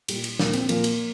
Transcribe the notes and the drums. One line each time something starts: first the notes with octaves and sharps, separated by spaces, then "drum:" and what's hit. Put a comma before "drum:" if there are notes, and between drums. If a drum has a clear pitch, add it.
A#2 G3, drum: cymbal
drum: cymbal
A#2 F3 A#3, drum: snare
C4, drum: cymbal
A#2 F3 A#3, drum: cymbal
drum: cymbal